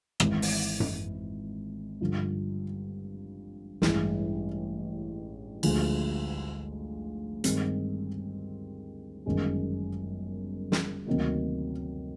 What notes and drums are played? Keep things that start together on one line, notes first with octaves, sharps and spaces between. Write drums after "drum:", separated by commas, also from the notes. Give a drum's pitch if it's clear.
G#1 G#2 E3, drum: rim click
drum: open hi-hat
drum: tom F#2
G2 D3 F3
A1 G2 E3 G#3, drum: snare
D2 D3 F3 G#3, drum: cymbal
G2 D#3 G#3 C4, drum: hi-hat
G1 F#2 D#3 G#3
drum: snare
D2 C3 D#3 F#3 A#3